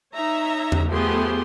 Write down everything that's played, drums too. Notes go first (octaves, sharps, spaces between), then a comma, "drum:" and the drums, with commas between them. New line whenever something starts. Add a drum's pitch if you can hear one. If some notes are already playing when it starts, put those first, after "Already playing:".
D#4 C#5 E5 A#5
drum: tom E2
F3 A3 B3 G4 G#4 C6